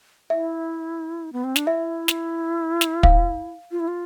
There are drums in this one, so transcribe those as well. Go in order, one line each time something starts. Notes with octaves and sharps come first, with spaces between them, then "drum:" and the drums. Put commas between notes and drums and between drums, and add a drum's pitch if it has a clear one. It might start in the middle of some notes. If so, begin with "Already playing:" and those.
E4 E5
B3
C4
D4, drum: snare
E4 E5
drum: snare
drum: snare
F5, drum: kick
F4
E4
F4